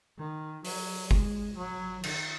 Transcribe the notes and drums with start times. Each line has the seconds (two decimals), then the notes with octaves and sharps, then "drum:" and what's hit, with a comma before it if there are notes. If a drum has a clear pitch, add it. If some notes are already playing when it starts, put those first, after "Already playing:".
0.18 D#3
0.65 F#3, drum: open hi-hat
1.11 G#3, drum: kick F#1
1.57 F#3
2.04 D#3, drum: cymbal